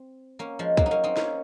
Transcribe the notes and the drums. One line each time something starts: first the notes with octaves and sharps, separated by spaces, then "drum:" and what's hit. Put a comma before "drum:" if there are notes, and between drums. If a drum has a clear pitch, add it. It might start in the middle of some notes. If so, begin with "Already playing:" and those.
Already playing: C4
A#3 C#4
F3 G#3
F#3 A#3, drum: kick
D#4
A#3 C#4
C4 D#4
A#3 C#4, drum: snare